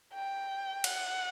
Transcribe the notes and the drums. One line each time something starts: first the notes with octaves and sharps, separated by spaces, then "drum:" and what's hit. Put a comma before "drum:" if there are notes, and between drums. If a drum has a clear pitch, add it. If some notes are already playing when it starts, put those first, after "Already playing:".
G5
F#5, drum: cymbal